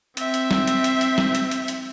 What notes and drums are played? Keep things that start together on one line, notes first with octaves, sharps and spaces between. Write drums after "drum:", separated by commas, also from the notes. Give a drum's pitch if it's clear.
C4 E5, drum: hi-hat
drum: hi-hat
drum: snare
drum: hi-hat
drum: hi-hat
drum: hi-hat
drum: snare
drum: hi-hat
drum: hi-hat
drum: hi-hat